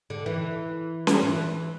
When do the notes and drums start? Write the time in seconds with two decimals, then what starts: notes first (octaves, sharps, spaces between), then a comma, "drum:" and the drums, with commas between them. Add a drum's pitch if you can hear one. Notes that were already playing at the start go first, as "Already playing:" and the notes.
0.10 D3
0.26 E3
1.07 drum: snare C#4
1.23 E3